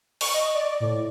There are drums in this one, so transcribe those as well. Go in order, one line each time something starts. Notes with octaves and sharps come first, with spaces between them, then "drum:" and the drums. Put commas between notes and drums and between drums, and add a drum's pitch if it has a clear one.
C#6, drum: open hi-hat
D#5
D5
A2